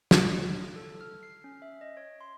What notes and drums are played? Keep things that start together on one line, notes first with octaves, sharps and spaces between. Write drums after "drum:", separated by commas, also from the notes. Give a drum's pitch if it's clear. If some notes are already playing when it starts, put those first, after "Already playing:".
drum: snare
A4
F6
C7
C#4
E5
D#5
C#5
C6